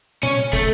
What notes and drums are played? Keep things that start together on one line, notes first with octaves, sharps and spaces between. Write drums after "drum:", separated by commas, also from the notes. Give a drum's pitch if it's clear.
C#4, drum: tom
drum: hi-hat
A3, drum: kick